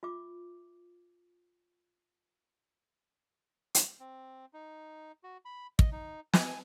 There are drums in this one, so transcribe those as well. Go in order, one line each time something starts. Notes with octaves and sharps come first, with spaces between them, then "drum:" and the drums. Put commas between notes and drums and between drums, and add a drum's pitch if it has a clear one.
F4 E5 D6
drum: hi-hat
C4
D#4
F#4
B5
D#5, drum: kick
D#4
G#5, drum: snare